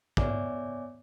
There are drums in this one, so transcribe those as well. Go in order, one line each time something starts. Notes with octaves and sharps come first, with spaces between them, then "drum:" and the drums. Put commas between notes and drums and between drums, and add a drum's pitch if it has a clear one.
B3 C#5 D5 E5 G#5 D6, drum: kick